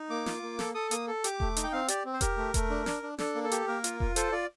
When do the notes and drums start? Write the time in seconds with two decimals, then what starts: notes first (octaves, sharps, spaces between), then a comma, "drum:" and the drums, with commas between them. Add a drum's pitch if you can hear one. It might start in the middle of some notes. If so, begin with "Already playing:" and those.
Already playing: D#4
0.10 A#3 D6
0.26 F4, drum: snare
0.43 A#3
0.59 A4, drum: snare
0.75 A4 D#6
0.91 A#3 D#6, drum: hi-hat
1.08 A4
1.24 G4 D6, drum: hi-hat
1.40 A3, drum: kick E1
1.57 D#4, drum: hi-hat
1.63 G5
1.72 C4 F5
1.88 G4 D5, drum: hi-hat
2.05 C4
2.13 C5
2.21 G4 A#4, drum: kick E1, hi-hat
2.37 A3
2.54 A3, drum: kick E1, hi-hat
2.70 D4
2.86 D4, drum: snare
3.03 D4
3.18 D4 A4, drum: snare
3.35 A#3
3.44 A4
3.52 G4, drum: hi-hat
3.67 A#3 A#4
3.84 F4, drum: hi-hat
4.00 F4, drum: kick E1
4.16 A4 C5, drum: hi-hat
4.32 F4 D5